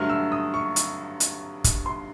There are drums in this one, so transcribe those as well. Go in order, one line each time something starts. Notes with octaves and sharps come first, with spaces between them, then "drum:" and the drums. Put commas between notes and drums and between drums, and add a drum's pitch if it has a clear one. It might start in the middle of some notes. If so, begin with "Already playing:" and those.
Already playing: G2 D3 F#3 A3 F6
E6
D#6
C#6
drum: hi-hat
drum: hi-hat
drum: kick, hi-hat
C6